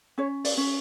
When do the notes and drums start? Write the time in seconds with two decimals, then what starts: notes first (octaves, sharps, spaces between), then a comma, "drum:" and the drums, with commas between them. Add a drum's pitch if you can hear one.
0.18 C#4 C#5
0.44 D5, drum: open hi-hat
0.57 C#4